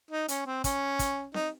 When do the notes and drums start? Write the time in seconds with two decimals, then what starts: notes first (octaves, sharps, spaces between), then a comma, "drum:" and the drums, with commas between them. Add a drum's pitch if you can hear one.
0.11 D#4
0.28 C#4, drum: hi-hat
0.46 C4
0.64 C#4, drum: kick, hi-hat
0.99 drum: kick, hi-hat
1.34 D#4, drum: snare C4